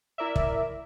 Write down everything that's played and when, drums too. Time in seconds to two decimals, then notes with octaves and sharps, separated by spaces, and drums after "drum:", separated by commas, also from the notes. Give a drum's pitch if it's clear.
0.18 E4 A#4 D5 E5
0.36 drum: kick